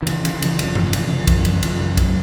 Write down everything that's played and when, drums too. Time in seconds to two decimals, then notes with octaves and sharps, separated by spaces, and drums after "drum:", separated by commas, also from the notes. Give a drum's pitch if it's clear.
0.02 D#3
0.07 C#3 E3, drum: cymbal
0.25 C#3, drum: cymbal
0.34 E3
0.42 C#3 F3, drum: cymbal
0.54 E3
0.59 F1, drum: cymbal
0.64 F3
0.75 F1 E3, drum: tom G2
0.86 F3
0.93 C#3 E3, drum: cymbal
1.07 C#3 F3
1.18 E3
1.27 F#2 F3, drum: kick B1, cymbal
1.39 E3
1.45 G#1, drum: cymbal
1.52 E3
1.63 F#2 F3, drum: cymbal
1.79 C#3
1.97 G#1, drum: kick B1, cymbal
2.04 F#3